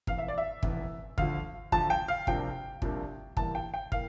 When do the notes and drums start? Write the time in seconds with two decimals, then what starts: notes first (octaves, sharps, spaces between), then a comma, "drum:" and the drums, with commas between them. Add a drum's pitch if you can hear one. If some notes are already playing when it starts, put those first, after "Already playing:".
0.07 F1 E2 E3 F5, drum: kick
0.18 E5
0.28 D5
0.38 E5
0.63 F1 E2 E3, drum: kick
1.18 D2 D3 F3 F5, drum: kick
1.72 D2 D3 F3 A5, drum: kick
1.90 G5
2.08 F5
2.27 C2 C3 F3 A#3 D4 G5, drum: kick
2.82 C2 C3 F3 A#3 D4, drum: kick
3.37 E2 E3 G3 A#3 E4 A5, drum: kick
3.55 G5
3.74 G5
3.92 E3 A#3 F5, drum: kick